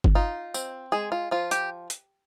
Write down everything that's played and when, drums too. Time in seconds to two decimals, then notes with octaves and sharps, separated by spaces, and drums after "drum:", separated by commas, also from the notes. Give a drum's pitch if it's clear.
0.04 drum: kick G1
0.15 D#4 F4
0.54 C4, drum: tambourine
0.92 G#3 G#4
1.12 F4
1.31 F3 F4
1.51 G4, drum: hi-hat
1.90 drum: hi-hat